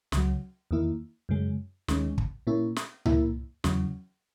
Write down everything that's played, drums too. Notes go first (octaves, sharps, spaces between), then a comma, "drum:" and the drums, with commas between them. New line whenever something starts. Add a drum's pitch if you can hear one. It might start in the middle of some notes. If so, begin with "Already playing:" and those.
C#2 C#3 F#3, drum: snare
E2 D#3 A#3 E4
F#2 C#3 G#3
D#2 D#3 G#3 C#4, drum: snare
drum: kick
A#2 A#3 C#4 E4
drum: snare
A#2 A#3 E4, drum: tom C#2
E2 C#3 F#3 C#4, drum: snare